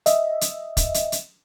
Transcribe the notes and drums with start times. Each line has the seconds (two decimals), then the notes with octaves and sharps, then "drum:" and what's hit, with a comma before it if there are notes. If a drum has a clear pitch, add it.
0.06 D#5 E5, drum: hi-hat
0.41 drum: hi-hat
0.77 drum: kick, hi-hat
0.94 drum: hi-hat
1.12 drum: hi-hat